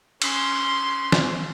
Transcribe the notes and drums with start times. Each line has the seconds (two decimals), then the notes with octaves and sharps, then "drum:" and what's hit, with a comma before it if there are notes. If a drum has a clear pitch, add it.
0.22 C#4 C6, drum: cymbal
1.12 drum: snare